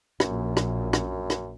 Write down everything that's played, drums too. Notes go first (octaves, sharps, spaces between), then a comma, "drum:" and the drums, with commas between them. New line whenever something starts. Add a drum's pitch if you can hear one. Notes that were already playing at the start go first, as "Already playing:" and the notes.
A#1 F#2 A#2, drum: rim click
drum: rim click
drum: rim click
drum: rim click